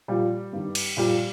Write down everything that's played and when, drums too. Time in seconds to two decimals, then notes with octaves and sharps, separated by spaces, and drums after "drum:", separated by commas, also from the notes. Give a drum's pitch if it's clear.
0.08 A#2 F3 G3
0.53 G2 D#3
0.75 drum: cymbal
0.97 A#2 F3 G3